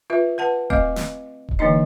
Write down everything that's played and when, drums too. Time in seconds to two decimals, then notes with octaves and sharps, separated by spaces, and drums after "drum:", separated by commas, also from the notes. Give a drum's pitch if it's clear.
0.10 F4 B4 E5
0.38 B4 F#5 A5
0.70 A3 C4 D#5 F5 D6, drum: kick D#1
0.96 drum: snare
1.49 drum: kick D#1
1.59 D3 E3 A#3 D4 D#4 D#5